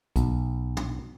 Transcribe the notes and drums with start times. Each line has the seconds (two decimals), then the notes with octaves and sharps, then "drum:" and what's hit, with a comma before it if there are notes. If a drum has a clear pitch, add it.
0.16 B1, drum: kick, hi-hat
0.77 drum: tom